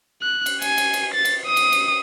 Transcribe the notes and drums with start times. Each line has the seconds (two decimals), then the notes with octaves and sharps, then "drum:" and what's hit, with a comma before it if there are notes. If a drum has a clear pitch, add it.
0.22 F#6
0.46 drum: cymbal
0.62 G#5, drum: cymbal
0.78 drum: cymbal
0.93 drum: cymbal
1.15 A6
1.25 drum: cymbal
1.46 D#6
1.57 drum: cymbal
1.72 drum: cymbal